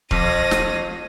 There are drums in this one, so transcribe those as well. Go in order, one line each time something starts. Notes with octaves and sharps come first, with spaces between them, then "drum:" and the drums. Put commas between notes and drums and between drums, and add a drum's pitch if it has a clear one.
F2 A#6 D#7, drum: kick C#1
drum: snare